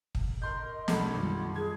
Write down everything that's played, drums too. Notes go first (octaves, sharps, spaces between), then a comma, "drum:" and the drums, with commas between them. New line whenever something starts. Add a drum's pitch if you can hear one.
drum: kick
A#4 D#5 C6 G6
B1 A4 B5, drum: snare
F#2 D#3 G3 F4
G#4 G#6